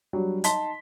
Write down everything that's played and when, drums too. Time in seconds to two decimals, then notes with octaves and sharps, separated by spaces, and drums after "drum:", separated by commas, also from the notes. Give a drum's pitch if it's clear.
0.13 F#3 G3 D4 F#4
0.44 D#4 D#5 A5 C6 B6 G7, drum: hi-hat